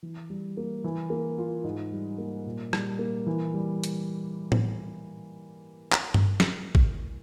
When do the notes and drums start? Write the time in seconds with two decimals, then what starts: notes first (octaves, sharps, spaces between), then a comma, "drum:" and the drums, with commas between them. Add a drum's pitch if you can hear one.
0.03 E3
0.30 G3
0.57 A#3
0.84 E3
1.10 A#3
1.38 F4
1.64 G#2
1.92 G3
2.18 A#3
2.46 A#2
2.73 G3, drum: rim click
2.99 A#3
3.26 E3
3.54 G3
3.84 drum: hi-hat
4.52 drum: tom A2
5.92 drum: clap
6.14 drum: tom G2
6.40 drum: snare
6.75 drum: kick